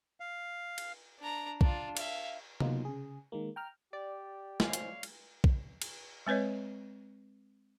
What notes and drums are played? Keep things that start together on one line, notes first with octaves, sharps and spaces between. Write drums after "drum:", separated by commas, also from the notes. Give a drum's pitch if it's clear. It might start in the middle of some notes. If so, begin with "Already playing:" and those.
F5
drum: cymbal
D4 A#5
D4 F4, drum: kick B1
E5 F5, drum: cymbal
F#3 A#3 B3 D#4 F4, drum: tom C3
C#3 G#4
D#3 G#3 A#3
G5 A#5 F6
G4 D5
C5 C#5 D#5 F5 G#5, drum: snare
drum: hi-hat
drum: cymbal
drum: kick B1
drum: cymbal
G#3 C4 B4 C#5 D#5